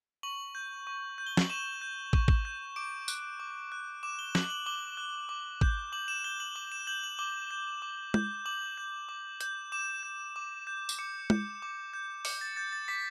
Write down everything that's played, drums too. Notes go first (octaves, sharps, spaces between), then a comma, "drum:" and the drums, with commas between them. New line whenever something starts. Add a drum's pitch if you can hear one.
C#6 F#7
G6
C#6
G6
G7
F#7, drum: snare
C#6 E7
G6
C#6, drum: kick
drum: kick
G6
D6 D7
F#6, drum: tambourine
D6
F#6
D6 E7
G7
F#6 F#7, drum: snare
F#7
D6 G7
F#6
D6
G6, drum: kick
D6 F#7
E7
G6 G7
F#7
D6 G7
E7
G6 F#7
F#7
D6 G7
G6
D6
G6, drum: tom
D6 F#7
G6
D6
G6, drum: hi-hat
D6 E7
G6
D6
G6
drum: tambourine
D6 C#7
G6, drum: tom
D6
G6
D6 C#7, drum: open hi-hat
A6
G6 A6
A6
D6 B6